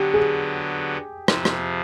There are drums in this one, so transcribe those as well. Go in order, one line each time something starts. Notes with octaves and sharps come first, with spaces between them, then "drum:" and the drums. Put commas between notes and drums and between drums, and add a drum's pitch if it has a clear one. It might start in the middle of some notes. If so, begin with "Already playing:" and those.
Already playing: D3 F#3 B3 G4
G#4
F2 C3 F3, drum: rim click
drum: rim click